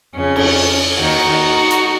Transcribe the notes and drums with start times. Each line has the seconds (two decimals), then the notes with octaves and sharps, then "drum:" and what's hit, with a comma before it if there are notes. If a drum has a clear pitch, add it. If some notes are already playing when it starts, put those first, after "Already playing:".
0.15 F2 C#3 C#4
0.36 drum: cymbal
1.00 D#2 D#3 D#4 F#4
1.71 drum: hi-hat